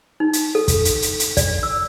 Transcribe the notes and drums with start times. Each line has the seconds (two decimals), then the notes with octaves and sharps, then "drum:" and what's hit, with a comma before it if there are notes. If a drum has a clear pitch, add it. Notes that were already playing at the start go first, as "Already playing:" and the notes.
0.20 D#4
0.33 drum: hi-hat
0.55 A4
0.68 drum: kick, hi-hat
0.85 drum: hi-hat
1.02 drum: hi-hat
1.20 drum: hi-hat
1.37 D5, drum: kick, hi-hat
1.63 E6